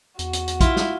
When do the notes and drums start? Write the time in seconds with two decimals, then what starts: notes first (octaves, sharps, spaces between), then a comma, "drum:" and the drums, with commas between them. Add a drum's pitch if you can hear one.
0.19 E2 F#4, drum: hi-hat
0.33 drum: hi-hat
0.48 drum: hi-hat
0.61 E4 F4, drum: kick, hi-hat
0.76 drum: snare